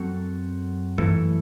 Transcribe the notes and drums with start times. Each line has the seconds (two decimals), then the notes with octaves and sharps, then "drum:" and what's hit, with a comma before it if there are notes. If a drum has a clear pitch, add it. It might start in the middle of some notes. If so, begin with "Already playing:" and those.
Already playing: F#2 F#3 C4 F#4 A4
0.98 F#2 E3 A3 E4 A4, drum: tom G2